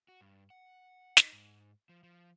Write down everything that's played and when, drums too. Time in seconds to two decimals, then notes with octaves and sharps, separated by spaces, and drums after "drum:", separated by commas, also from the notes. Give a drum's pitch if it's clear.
0.08 F#4
0.21 G2
0.50 F#5
1.17 D#4, drum: snare
1.33 G#2
1.89 F3
2.03 F3